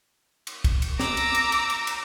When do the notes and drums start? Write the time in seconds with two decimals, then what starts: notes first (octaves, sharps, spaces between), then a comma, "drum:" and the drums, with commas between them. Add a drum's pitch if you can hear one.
0.47 drum: cymbal
0.64 drum: kick, cymbal
0.82 drum: cymbal
1.00 A#5 D6 E6, drum: snare
1.17 drum: cymbal
1.35 drum: cymbal
1.52 drum: cymbal
1.70 drum: cymbal
1.87 drum: cymbal